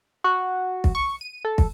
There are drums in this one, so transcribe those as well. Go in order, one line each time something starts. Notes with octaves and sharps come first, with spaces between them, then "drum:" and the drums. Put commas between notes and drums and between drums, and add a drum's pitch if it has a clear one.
F#4
drum: kick
C#6
D#7
A4
drum: kick